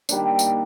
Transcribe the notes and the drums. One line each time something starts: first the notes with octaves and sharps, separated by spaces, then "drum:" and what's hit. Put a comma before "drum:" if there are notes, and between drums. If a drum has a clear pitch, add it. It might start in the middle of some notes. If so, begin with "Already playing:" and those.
D#3 G3 A#3 D4, drum: tambourine
drum: tambourine